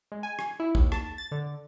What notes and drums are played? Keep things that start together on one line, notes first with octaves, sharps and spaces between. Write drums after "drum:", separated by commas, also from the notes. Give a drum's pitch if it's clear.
G#3
G#5
drum: rim click
E4
D#2, drum: kick
A5, drum: rim click
A6
D3